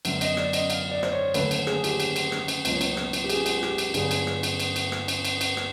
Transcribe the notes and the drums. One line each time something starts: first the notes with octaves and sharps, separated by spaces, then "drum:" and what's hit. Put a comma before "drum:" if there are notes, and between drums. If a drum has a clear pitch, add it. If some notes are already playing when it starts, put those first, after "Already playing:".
F#2 D3 F#3 B3 D4 E5, drum: cymbal
D#5, drum: cymbal
D5, drum: rim click
D#5, drum: cymbal
F5, drum: cymbal
D5
C5, drum: rim click
C#5
D#2 D3 F#3 A3 C#4 B4, drum: cymbal
C5, drum: cymbal
G#4, drum: rim click
G4, drum: cymbal
drum: cymbal
drum: cymbal
drum: rim click
drum: cymbal
C#2 B2 F#3 A#3 C#4, drum: cymbal
drum: cymbal
drum: rim click
drum: cymbal
G4
G#4, drum: cymbal
drum: cymbal
G4, drum: rim click
drum: cymbal
G4
G2 D3 F#3 B3 D4 G#4, drum: cymbal
drum: cymbal
drum: rim click
drum: cymbal
drum: cymbal
drum: cymbal
drum: rim click
drum: cymbal
drum: cymbal
drum: cymbal
drum: rim click